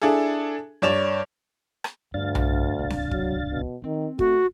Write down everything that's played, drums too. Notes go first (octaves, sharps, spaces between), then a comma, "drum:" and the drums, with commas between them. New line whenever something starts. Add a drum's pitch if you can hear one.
D4 E4 G#4 A4
G2 C#5 D5 E7 F7
drum: rim click
D2 G2 D4 F5 A6
drum: tom B1
D1 C2
drum: snare C4
F#3, drum: kick
B2
D#3 C4
A3 F#4, drum: kick